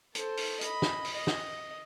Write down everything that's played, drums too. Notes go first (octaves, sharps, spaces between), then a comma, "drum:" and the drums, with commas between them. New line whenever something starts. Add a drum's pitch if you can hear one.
A4 C5, drum: hi-hat
drum: open hi-hat
D#5 B5, drum: hi-hat
drum: snare
drum: open hi-hat
D#5
drum: snare